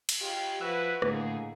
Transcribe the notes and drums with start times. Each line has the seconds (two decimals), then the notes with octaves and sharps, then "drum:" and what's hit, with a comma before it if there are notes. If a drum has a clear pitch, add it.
0.09 drum: cymbal
0.21 C#3 G#3 F4 G4
0.61 F3 E4 F#4 B4 E6 F#6
1.02 D#2 A2 D3 A#3 B3 G#4, drum: rim click